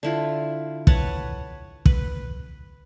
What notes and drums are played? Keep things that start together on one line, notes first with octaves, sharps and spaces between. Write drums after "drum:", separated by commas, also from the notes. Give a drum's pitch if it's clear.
D3 E4 F4
B4 C#5 F#5 A5, drum: kick
B4, drum: kick